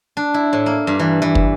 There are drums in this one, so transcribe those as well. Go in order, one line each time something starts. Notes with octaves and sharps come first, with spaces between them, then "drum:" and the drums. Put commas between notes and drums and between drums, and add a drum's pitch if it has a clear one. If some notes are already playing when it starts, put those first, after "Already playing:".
D4
E4
A2
A#3
G2
E3
E3
drum: kick